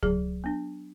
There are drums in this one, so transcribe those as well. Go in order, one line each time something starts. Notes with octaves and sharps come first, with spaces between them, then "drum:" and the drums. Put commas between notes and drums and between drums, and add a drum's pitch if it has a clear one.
F#3 G#4, drum: kick C#2
B3 D4